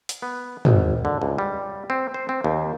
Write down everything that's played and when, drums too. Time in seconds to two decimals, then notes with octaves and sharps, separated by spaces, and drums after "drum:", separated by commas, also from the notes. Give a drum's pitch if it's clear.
0.09 drum: hi-hat
0.22 B3
0.65 G#1, drum: tom
1.05 D3
1.22 C#2
1.38 G3
1.90 C4
2.14 C5
2.29 C4
2.44 D#2